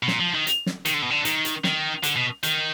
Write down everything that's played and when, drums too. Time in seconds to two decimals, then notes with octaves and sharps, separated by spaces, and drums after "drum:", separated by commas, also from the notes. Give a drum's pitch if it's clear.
0.03 B2
0.08 A#2, drum: snare
0.20 F3
0.34 D#3
0.47 drum: hi-hat
0.66 drum: snare
0.85 D#3, drum: hi-hat
0.94 D3
1.02 B2
1.10 D3
1.25 D#3, drum: hi-hat
1.45 drum: hi-hat
1.64 D#3, drum: snare
2.03 D3, drum: hi-hat
2.16 B2
2.43 D#3, drum: hi-hat